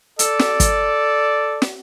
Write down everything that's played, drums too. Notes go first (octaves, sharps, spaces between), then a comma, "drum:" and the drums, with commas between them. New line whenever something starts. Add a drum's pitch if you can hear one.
A4 D5, drum: hi-hat
drum: snare
drum: kick, hi-hat
drum: snare